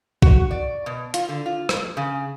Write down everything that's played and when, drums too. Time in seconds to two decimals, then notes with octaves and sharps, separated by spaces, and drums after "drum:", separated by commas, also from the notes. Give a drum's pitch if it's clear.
0.22 F#4, drum: kick B1
0.51 D5
0.86 B2
1.14 F4, drum: hi-hat
1.29 D3
1.46 F4
1.69 F2, drum: rim click
1.97 C#3